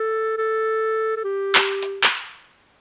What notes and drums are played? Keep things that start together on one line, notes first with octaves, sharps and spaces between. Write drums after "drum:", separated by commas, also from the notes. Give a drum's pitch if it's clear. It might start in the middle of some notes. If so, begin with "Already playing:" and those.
Already playing: A4
A4
A4
G4
drum: clap
drum: hi-hat
drum: clap